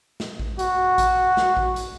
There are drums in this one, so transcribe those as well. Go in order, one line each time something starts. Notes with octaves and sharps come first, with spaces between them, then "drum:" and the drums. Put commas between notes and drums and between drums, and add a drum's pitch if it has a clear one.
drum: snare
drum: kick A1
F#4, drum: hi-hat
drum: kick A1, hi-hat
drum: snare
drum: kick A1
drum: hi-hat